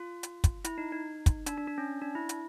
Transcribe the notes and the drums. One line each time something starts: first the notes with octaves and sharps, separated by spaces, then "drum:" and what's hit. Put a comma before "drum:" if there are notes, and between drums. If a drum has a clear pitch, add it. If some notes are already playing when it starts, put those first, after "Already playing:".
Already playing: F4
drum: hi-hat
drum: kick, hi-hat
E4, drum: hi-hat
D#4
D#4
drum: kick, hi-hat
D4, drum: hi-hat
D4
D4
C#4
D4
E4
drum: hi-hat